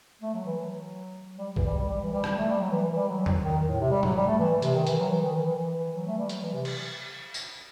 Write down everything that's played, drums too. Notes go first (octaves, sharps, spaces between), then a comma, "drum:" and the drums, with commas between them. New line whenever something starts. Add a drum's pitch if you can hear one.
A3
F#3
E3
F#3
G3
E3, drum: kick
G3
G3
G3
E3
G3
G3, drum: rim click
A3
G3
F#3
E3
E3
G3
F#3
drum: tom E2
D#3
A2
C3
G3
F#3, drum: tom G#2
G3
A3
E3
C3, drum: hi-hat
D#3
E3, drum: hi-hat
F#3
E3
D#3
E3
E3
E3
F#3
A3
G3
F#3, drum: hi-hat
E3
C3
drum: cymbal
drum: tambourine